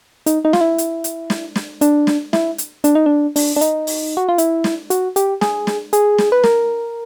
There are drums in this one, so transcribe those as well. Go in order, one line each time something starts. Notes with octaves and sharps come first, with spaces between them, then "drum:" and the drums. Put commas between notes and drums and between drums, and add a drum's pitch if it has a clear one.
D#4, drum: hi-hat
D#4
F4, drum: snare
E4
drum: hi-hat
drum: hi-hat
drum: snare
drum: snare
D4, drum: hi-hat
drum: snare
E4, drum: snare
drum: hi-hat
D4, drum: hi-hat
D#4
D4
D4, drum: open hi-hat
D4
D#4, drum: hi-hat
drum: open hi-hat
F#4
F4
E4, drum: hi-hat
drum: snare
F#4, drum: hi-hat
G4, drum: hi-hat
G#4, drum: snare
drum: snare
G#4, drum: hi-hat
drum: snare
B4
A#4, drum: snare